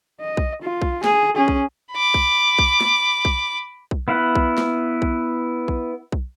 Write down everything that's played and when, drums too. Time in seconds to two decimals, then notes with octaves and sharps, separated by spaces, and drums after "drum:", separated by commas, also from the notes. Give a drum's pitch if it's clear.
0.21 D#5
0.37 drum: kick B1
0.62 F4
0.82 drum: kick B1
1.04 G#4, drum: snare A#3
1.36 C#4 G#4
1.48 drum: kick B1
1.92 B5 D6
2.14 drum: kick B1
2.59 drum: kick B1
2.81 drum: snare A#3
3.25 drum: kick B1
3.91 drum: kick B1
4.08 B3 E4 F5 F#5
4.35 drum: kick B1
4.58 drum: snare A#3
5.02 drum: kick B1
5.68 drum: kick B1
6.12 drum: kick B1